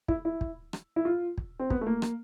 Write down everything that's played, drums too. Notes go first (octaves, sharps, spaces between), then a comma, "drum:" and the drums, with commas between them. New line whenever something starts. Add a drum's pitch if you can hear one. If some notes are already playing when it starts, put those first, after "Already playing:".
E4, drum: kick
E4
drum: kick
drum: rim click
E4
F4
drum: kick
C4
B3, drum: kick
A3
A#3
drum: rim click